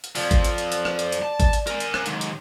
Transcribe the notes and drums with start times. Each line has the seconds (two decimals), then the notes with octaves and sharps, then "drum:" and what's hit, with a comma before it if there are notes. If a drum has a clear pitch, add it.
0.04 drum: hi-hat
0.15 F2 F3 D5, drum: open hi-hat
0.31 drum: kick G#1, hi-hat
0.44 drum: hi-hat
0.58 drum: hi-hat
0.72 drum: hi-hat
0.85 drum: rim click
0.99 drum: hi-hat
1.12 drum: hi-hat
1.22 A5
1.40 drum: kick G#1, hi-hat
1.53 drum: hi-hat
1.67 A#4 G#5, drum: hi-hat
1.80 drum: hi-hat
1.94 drum: rim click
2.06 D#2 G#2, drum: hi-hat
2.21 drum: hi-hat